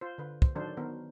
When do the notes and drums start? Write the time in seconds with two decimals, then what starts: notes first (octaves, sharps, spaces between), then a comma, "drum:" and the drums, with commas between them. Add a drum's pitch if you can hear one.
0.01 F4 C5
0.18 D3 B4
0.42 C5, drum: kick
0.55 D#3 F#3 D4 A4 C5
0.77 D#3 B3 F#4 A#4 C5